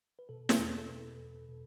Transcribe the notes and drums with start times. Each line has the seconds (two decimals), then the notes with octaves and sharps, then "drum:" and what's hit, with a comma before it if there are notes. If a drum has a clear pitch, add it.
0.19 B4
0.29 B2 A4
0.49 drum: snare
0.59 E2 B4
0.77 A4
0.89 B2 B4
1.19 E2
1.49 B2